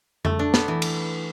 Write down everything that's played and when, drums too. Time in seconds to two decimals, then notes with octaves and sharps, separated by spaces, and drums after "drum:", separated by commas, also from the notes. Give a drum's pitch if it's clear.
0.25 A3, drum: tom F2
0.39 D4
0.54 B3, drum: snare
0.68 E3
0.82 drum: cymbal